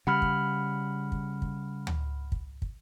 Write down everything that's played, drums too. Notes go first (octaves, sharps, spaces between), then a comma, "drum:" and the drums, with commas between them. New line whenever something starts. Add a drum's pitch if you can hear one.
C#3 G3 F#5 B5 F6
drum: kick
drum: kick
drum: kick
drum: tom D2
drum: kick
drum: kick